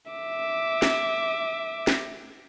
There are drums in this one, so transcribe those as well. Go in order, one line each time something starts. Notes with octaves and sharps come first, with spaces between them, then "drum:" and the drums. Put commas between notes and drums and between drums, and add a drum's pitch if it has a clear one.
E5 D6
drum: snare
drum: snare